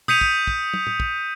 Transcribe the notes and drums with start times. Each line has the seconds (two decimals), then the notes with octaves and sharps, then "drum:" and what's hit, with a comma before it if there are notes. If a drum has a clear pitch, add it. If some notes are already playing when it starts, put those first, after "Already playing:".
0.08 D#6 G6 B6 C#7 D#7 F7, drum: tom
0.21 drum: kick
0.47 drum: kick
0.74 drum: tom
0.87 drum: tom
1.00 drum: kick